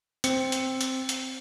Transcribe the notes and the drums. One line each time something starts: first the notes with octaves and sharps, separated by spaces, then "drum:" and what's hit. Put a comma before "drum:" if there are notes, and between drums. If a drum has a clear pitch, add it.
C4 C#7, drum: hi-hat
drum: hi-hat
drum: hi-hat
drum: hi-hat